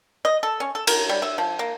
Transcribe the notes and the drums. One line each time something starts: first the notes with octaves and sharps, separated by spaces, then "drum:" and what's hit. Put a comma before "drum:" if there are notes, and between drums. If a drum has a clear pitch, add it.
D#5
A4
C#4
A4
A#4, drum: cymbal
G3
E5
F3
A#3